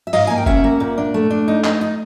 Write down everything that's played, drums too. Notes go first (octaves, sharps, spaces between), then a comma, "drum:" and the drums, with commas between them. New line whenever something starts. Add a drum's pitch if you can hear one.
E5
G#2 D#5 F5, drum: open hi-hat
A#3 G#5
G5
C#4 E5 F#5, drum: kick F#1
A#3
A#2
D4
A3
D4
D#4
D#4, drum: clap
D#4